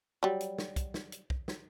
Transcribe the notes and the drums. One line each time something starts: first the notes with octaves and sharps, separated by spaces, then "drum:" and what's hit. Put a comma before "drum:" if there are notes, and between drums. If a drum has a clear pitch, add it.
F#3 G3
drum: hi-hat
drum: snare
drum: kick, hi-hat
drum: snare
drum: hi-hat
drum: kick
drum: snare